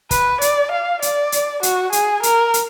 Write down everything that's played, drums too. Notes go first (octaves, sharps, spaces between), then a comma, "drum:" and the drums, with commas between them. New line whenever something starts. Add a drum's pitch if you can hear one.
B4, drum: kick, hi-hat
D5, drum: hi-hat
F5
D5, drum: hi-hat
drum: hi-hat
F#4, drum: hi-hat
G#4, drum: hi-hat
A#4, drum: hi-hat
drum: hi-hat